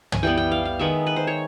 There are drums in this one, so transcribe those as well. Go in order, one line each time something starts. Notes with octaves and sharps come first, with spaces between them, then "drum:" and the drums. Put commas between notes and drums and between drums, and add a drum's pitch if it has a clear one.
G#5, drum: tom
E3 G3 B3 G5
G5
F5
F5
D#3 G#3 B3 E5
B4
C5
C#5